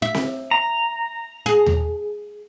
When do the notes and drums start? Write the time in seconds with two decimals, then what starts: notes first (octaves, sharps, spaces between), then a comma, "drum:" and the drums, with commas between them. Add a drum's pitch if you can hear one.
0.02 E5
0.14 drum: snare C4
0.51 A#5
1.46 G#4
1.66 drum: tom D#2